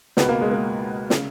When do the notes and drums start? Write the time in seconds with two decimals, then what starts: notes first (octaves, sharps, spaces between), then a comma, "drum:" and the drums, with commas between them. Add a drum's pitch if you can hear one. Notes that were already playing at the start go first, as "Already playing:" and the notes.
0.17 C#2 B2 B3, drum: snare
0.29 A#3
0.41 G#3
0.51 A#3
1.10 C#3, drum: snare